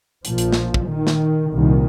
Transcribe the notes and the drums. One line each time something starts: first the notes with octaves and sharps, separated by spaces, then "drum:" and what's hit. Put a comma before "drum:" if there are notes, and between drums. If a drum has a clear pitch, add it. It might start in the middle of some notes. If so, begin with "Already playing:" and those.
A#1 A#2 F3, drum: hi-hat
drum: hi-hat
drum: snare
drum: kick
D#3
drum: snare
C2 A#2 D#3